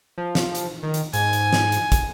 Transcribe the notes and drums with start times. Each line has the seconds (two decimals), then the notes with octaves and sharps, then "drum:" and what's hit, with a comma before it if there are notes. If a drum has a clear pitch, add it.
0.18 F3
0.35 drum: snare
0.55 drum: hi-hat
0.83 D#3
0.94 drum: hi-hat
1.13 G#2 G#5, drum: hi-hat
1.33 drum: hi-hat
1.53 drum: snare
1.72 drum: hi-hat
1.92 drum: kick, hi-hat